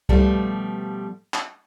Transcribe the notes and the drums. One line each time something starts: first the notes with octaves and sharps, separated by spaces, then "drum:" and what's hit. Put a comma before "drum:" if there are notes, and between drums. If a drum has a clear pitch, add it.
B2 F3 G3 A3, drum: kick C2
drum: clap